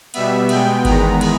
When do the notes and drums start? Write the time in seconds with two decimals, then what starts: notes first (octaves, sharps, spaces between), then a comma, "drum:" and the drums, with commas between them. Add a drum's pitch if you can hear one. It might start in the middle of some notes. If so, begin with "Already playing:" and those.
0.14 B2 G3 B3 E5, drum: cymbal
0.49 B2 G#3 B3 G5, drum: cymbal
0.85 E2 D#3 G#3 B3 A#5, drum: kick G1, cymbal
1.21 drum: cymbal